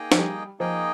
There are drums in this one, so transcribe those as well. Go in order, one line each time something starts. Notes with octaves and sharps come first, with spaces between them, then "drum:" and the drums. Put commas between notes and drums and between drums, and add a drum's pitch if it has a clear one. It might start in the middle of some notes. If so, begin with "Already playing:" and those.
Already playing: A#3 D#4 G#4 D#5 G5
F3, drum: snare
G3
F3 A#3 D#4 G#4 D#5 G5